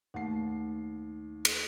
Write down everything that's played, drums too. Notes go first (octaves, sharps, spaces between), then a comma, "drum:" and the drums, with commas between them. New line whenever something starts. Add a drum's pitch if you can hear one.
D#2 A3 F#5 C7
drum: cymbal